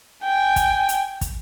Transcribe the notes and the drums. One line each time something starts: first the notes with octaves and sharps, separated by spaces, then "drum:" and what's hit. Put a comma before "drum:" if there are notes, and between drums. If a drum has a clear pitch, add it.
G5 G#5
drum: kick, hi-hat
drum: hi-hat
drum: kick, hi-hat